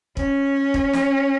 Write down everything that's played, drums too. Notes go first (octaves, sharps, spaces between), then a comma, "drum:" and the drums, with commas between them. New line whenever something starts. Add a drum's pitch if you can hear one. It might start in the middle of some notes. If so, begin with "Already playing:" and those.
C#4, drum: kick
drum: kick
drum: snare